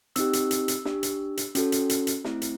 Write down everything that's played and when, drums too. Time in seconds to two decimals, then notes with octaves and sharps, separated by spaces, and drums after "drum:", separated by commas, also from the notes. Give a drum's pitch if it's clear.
0.16 C4 D#4 G4 E6, drum: hi-hat
0.33 drum: hi-hat
0.51 drum: hi-hat
0.68 drum: hi-hat
0.85 D4 G4, drum: snare
1.03 drum: hi-hat
1.37 drum: hi-hat
1.55 C#4 F#4 A4, drum: hi-hat
1.72 drum: hi-hat
1.89 drum: hi-hat
2.07 drum: hi-hat
2.25 A3 C4 E4, drum: snare
2.42 drum: hi-hat